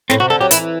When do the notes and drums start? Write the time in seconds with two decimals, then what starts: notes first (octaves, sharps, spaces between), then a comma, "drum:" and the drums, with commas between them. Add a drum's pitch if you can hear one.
0.10 A2 C4, drum: snare
0.20 C3 F#4
0.30 D3 A4
0.41 F#3 G4
0.51 E3 E4, drum: hi-hat